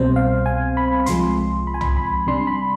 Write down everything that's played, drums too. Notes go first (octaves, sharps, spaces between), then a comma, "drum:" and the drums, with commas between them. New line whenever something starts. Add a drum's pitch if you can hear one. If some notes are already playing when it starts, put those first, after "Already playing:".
Already playing: C2 B2 G3 C4 C5
F5
G#5
B5
B5
C2 C3 F3 G#3 C6, drum: hi-hat
B5
G#5
B5, drum: tom
B5
C3 G3 D4 C6
B5